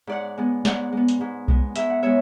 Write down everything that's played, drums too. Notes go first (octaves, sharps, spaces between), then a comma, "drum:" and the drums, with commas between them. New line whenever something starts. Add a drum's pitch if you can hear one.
G#2 D5 F#5
G#3 B3
G#2 D5 F#5, drum: snare
G#3 B3
drum: hi-hat
G#2
G#3 B3, drum: kick B1
G#2 E5, drum: hi-hat
F#5
G#3 B3 C#5 E5